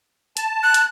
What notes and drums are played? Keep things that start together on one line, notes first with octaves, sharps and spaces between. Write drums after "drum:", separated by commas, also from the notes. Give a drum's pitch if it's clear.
A5, drum: hi-hat
F#6
drum: hi-hat